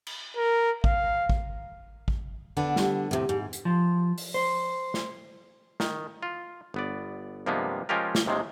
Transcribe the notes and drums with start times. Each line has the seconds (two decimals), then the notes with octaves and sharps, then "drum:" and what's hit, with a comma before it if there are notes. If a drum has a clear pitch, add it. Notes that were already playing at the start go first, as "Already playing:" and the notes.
0.07 drum: cymbal
0.37 A#4
0.84 F5, drum: kick
1.29 drum: kick
2.08 drum: kick
2.57 D3 B3 D4
2.76 G3, drum: snare
3.11 A2 C3 G4
3.29 G#2
3.53 drum: hi-hat
3.65 F3
4.18 drum: open hi-hat
4.34 C5
4.94 drum: snare
5.80 D#3, drum: snare
6.23 F4
6.74 G1 B3 D5
7.46 G2 C3 F3 G#3 A#3 B3
7.89 F3 G#3 C#4 F4 G4 A#4
8.15 drum: snare
8.26 D#2 C3 D#3 G#3